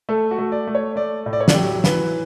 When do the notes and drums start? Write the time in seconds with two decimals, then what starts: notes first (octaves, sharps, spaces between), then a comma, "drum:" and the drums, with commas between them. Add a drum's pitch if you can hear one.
0.09 A3 A4
0.31 F#4
0.38 A3
0.52 D5
0.67 A3
0.75 C#5
0.96 A3 D5
1.26 A2
1.33 D5
1.41 C#5
1.48 D5, drum: snare
1.54 F#3 G4
1.84 E3 B4, drum: snare